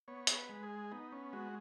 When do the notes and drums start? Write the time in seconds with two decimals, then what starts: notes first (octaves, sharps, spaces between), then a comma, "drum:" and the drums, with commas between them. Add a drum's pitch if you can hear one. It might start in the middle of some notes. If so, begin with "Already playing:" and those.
0.08 B3 C#5
0.27 G#4, drum: hi-hat
0.35 B4
0.49 G#3
0.63 G#4
0.91 B3 D#4
1.12 C#4
1.33 G#3 F#4